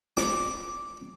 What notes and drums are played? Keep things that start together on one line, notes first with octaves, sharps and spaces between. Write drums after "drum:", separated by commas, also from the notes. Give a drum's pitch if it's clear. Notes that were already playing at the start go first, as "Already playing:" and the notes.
D6, drum: snare